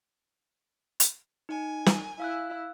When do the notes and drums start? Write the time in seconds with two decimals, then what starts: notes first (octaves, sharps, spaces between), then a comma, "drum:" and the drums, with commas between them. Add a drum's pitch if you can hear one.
1.00 drum: hi-hat
1.49 D#4 G#5
1.86 drum: snare
2.20 E4 F5 E6 F#6